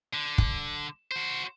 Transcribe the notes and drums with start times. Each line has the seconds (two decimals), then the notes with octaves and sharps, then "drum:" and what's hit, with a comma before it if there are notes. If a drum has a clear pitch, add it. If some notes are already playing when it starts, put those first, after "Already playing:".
0.14 D3
0.38 drum: kick
1.11 F#4 C5